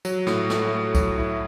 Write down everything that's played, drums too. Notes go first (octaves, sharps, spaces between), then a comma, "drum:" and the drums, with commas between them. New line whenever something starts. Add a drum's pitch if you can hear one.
F#3, drum: tambourine
A2, drum: snare
A3, drum: snare
A3
F#3, drum: kick C2, tambourine
E4